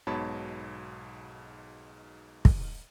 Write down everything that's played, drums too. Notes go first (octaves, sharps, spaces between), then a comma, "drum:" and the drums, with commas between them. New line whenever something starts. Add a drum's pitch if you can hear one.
B1 G#2 B2 C#5 A5 B5
drum: kick